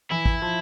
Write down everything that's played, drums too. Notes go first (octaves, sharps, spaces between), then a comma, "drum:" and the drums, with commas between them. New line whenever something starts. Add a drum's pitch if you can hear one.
E3 E4
drum: kick
F3